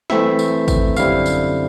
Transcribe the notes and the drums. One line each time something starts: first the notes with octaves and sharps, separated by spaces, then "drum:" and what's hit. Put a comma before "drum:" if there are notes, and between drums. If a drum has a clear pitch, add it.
E3 A3 C4 E4 E5, drum: snare
drum: tambourine
drum: kick G#1, tambourine
F#2 D3 G3 C4 E4 F5, drum: tambourine
drum: tambourine